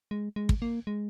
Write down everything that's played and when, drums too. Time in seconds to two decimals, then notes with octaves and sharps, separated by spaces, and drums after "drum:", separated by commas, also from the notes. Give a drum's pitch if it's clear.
0.11 G#3
0.36 G#3
0.49 drum: kick
0.62 A#3
0.87 G#3